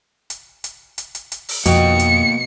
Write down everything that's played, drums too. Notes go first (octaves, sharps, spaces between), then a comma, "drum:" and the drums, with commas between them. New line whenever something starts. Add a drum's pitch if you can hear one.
drum: hi-hat
drum: hi-hat
drum: hi-hat
drum: hi-hat
drum: hi-hat
drum: open hi-hat
F2 B2 A#3 G5 C#7, drum: hi-hat
drum: hi-hat